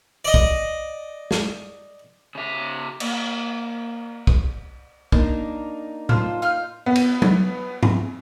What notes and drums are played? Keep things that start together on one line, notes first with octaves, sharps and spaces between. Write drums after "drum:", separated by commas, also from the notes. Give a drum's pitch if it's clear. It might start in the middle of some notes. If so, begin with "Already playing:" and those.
D5 D#5
drum: kick
drum: snare
C#3 E5
A#3, drum: cymbal
drum: kick
A#3 D4 D#4, drum: kick
F4 C5 A5, drum: tom A2
F4 F6 G6
B3
drum: cymbal
drum: tom F#3
drum: tom G#2